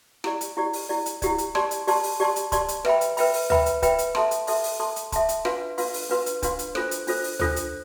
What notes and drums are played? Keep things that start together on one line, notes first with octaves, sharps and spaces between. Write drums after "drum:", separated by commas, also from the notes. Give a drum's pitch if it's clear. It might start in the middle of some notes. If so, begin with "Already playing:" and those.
E4 G4 D5, drum: rim click
drum: hi-hat
E4 G4 D5
drum: open hi-hat
E4 G4 D5
drum: hi-hat
E4 G4 D5, drum: kick, hi-hat
drum: hi-hat
G4 D5 A5 C6, drum: rim click
drum: hi-hat
G4 D5 A5 C6, drum: open hi-hat
drum: open hi-hat
G4 D5 A5 C6
drum: hi-hat
G4 D5 A5 C6, drum: kick, hi-hat
drum: hi-hat
B4 E5 G5 B5, drum: rim click
drum: hi-hat
B4 E5 G5 B5, drum: open hi-hat
drum: open hi-hat
B4 E5 G5 B5, drum: tom
drum: hi-hat
B4 E5 G5 B5, drum: kick, hi-hat
drum: hi-hat
A4 E5 A5 C6, drum: rim click
drum: hi-hat
A4 E5 A5 C6, drum: open hi-hat
drum: open hi-hat
A4 E5 A5 C6
drum: hi-hat
A4 E5 A5 C6, drum: kick, hi-hat
drum: hi-hat
D4 F4 B4 F5 C6, drum: rim click
D4 F4 B4 F5 C6, drum: open hi-hat
drum: open hi-hat
D4 F4 B4 F5 C6
drum: hi-hat
D4 F4 B4 F5 C6, drum: kick, hi-hat
drum: hi-hat
D4 F4 A4 C5, drum: rim click
drum: hi-hat
D4 F4 A4 C5, drum: open hi-hat
drum: open hi-hat
D4 F4 A4 C5, drum: tom
drum: hi-hat